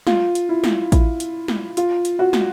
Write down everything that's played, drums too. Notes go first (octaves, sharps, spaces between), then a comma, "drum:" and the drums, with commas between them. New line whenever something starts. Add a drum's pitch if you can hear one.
F4, drum: snare
drum: hi-hat
E4
drum: snare
E4, drum: kick A1, hi-hat
drum: hi-hat
drum: snare
F4, drum: hi-hat
drum: hi-hat
F#4
drum: snare